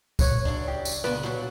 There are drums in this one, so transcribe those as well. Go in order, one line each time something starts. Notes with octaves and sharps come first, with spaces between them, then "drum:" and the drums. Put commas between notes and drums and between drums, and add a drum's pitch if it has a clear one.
B4 C#5, drum: kick, tambourine
F#2 C#3 D4
G4
drum: tambourine
A#2 C#3 B3 B4 D5
G2 A#2 F#3 F#4